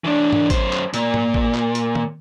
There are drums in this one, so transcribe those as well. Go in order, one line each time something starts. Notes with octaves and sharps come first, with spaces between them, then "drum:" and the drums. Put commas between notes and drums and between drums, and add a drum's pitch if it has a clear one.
E3 D4
drum: tom G#2
F#2 C5, drum: kick G#1, hi-hat
drum: clap
A#2, drum: hi-hat
drum: tom G#2
drum: kick G#1
drum: clap
drum: hi-hat
drum: tom D#3